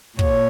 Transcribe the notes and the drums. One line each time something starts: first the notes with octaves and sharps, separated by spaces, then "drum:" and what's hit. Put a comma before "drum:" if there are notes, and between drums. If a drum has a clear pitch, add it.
A#2 C#5, drum: kick